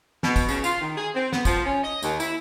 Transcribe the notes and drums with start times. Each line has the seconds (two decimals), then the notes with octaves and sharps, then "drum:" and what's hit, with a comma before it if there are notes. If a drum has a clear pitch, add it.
0.23 B2, drum: snare
0.36 drum: kick, tambourine
0.49 C#3, drum: tambourine
0.64 F4, drum: tambourine
0.81 D#3
0.97 G#4
1.15 C4
1.33 B3, drum: snare
1.45 F3, drum: kick, tambourine
1.65 C#4
1.83 D#5
2.02 D#2, drum: tambourine
2.20 E4, drum: tambourine